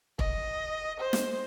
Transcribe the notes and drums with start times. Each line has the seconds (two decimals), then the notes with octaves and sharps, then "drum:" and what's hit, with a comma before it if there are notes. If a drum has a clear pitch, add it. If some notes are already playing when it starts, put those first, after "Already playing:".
0.19 D#5, drum: kick
1.00 C5
1.13 drum: snare